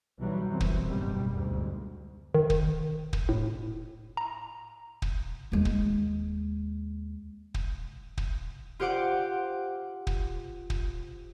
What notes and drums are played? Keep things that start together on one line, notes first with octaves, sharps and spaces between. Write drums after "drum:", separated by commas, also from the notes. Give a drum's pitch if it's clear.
B1 E3 F#3 G3
F#2 B2 E3 C4
drum: kick
F#1 B1 G#2 B2 G3
D2 G#2
D#3
drum: kick
drum: kick
A2
A#5
drum: kick
D#2 G#3
drum: kick
drum: kick
drum: kick
F4 G4 C5 F#5 D6
drum: kick
drum: kick